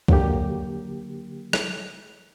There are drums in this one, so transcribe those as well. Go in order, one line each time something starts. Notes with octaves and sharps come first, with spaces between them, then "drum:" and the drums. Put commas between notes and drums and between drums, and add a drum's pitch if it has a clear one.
D3 F#3 A#3 G4, drum: kick C2
drum: rim click